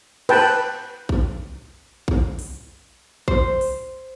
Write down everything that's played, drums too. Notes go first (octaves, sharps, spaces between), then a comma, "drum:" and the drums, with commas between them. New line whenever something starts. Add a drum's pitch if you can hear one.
B4 G5 A5, drum: cymbal
drum: kick A#1
drum: kick A#1
drum: open hi-hat
C5, drum: kick A#1
drum: open hi-hat